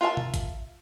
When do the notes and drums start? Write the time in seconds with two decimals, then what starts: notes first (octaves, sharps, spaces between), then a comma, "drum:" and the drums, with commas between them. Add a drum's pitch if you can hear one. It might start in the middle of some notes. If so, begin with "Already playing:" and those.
0.01 F4 A#4 E5 A5
0.17 drum: tom B2
0.34 drum: kick G#1, hi-hat